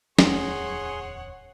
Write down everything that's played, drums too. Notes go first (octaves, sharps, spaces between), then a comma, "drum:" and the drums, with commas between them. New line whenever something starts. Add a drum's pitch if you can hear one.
D1 E2 D4 G#4 C#5 F#5 C6, drum: snare